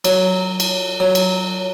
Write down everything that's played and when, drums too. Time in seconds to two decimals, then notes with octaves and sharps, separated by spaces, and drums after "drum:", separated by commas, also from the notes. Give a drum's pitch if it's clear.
0.05 F#3, drum: cymbal
0.60 drum: cymbal
1.00 F#3
1.15 drum: cymbal